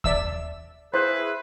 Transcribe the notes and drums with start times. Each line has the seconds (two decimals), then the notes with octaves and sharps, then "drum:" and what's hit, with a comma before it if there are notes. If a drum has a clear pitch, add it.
0.04 D5 E5 E6, drum: kick D#2
0.94 E4 G#4 B4 C5